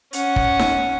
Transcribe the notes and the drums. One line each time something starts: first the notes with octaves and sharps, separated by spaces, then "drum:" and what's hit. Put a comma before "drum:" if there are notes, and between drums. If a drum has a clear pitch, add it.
C#4 F#5, drum: hi-hat
drum: kick
drum: snare D#4